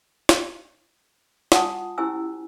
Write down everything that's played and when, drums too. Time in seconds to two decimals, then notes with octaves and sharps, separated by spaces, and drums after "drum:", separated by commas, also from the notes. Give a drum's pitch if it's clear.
0.29 drum: snare
1.52 F4 F#5 G#5 A5 D#6, drum: snare
1.98 C#4 E4 G4 C5 G#5 E6